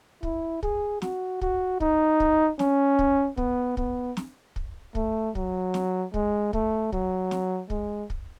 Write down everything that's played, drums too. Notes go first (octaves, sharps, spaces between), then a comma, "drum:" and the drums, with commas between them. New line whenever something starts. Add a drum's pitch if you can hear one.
E4, drum: kick
G#4, drum: kick
F#4, drum: snare
F#4, drum: kick
D#4, drum: kick
drum: kick
C#4, drum: snare
drum: kick
B3, drum: kick
B3, drum: kick
drum: snare
drum: kick
A3, drum: kick
F#3, drum: kick
drum: snare
G#3, drum: kick
A3, drum: kick
F#3, drum: kick
drum: snare
G#3, drum: kick
drum: kick